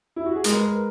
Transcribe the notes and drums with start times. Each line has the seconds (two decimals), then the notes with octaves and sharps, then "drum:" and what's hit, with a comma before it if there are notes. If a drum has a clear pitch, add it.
0.16 E4
0.26 F#4
0.35 G#4
0.44 G#3 A#4, drum: hi-hat
0.56 B4
0.68 A#4